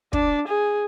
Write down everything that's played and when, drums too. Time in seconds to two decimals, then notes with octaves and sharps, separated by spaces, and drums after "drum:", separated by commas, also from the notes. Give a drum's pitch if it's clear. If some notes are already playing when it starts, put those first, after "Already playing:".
0.13 D4, drum: kick
0.48 G#4